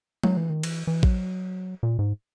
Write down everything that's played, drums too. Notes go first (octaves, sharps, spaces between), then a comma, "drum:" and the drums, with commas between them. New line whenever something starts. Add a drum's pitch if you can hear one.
F#3, drum: tom
E3
D#3
E3, drum: cymbal
E3
F#3, drum: kick A1
A#2
G#2